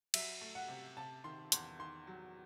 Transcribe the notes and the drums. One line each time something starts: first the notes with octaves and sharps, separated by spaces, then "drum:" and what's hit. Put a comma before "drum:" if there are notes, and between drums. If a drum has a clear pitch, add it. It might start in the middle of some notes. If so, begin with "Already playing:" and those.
F#3 E5, drum: cymbal
A3
F#5
C3
C3 A5
D#3 C6
E2 C6, drum: hi-hat
D#3 C6
F#3